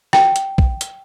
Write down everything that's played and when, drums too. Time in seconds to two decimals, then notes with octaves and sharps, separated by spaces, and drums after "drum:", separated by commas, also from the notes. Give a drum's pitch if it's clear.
0.13 G5, drum: rim click
0.36 drum: hi-hat
0.58 drum: kick
0.81 drum: hi-hat